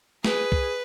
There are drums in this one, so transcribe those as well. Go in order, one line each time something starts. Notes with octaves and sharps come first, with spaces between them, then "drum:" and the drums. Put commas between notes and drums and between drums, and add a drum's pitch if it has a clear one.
G#4 B4, drum: snare
drum: kick C2